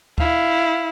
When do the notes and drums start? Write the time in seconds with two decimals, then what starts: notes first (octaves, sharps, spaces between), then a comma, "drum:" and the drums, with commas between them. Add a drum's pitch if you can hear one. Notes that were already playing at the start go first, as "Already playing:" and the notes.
0.18 E4 F5, drum: kick D2